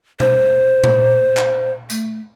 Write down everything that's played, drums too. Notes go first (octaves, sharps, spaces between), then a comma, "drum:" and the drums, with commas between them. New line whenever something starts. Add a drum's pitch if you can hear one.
C5, drum: tom B2
drum: tom A#2
drum: clap
A3, drum: tambourine